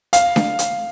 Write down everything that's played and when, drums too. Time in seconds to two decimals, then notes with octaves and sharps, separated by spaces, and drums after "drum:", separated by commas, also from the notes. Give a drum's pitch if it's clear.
0.13 F5, drum: hi-hat
0.36 drum: snare D4
0.59 drum: hi-hat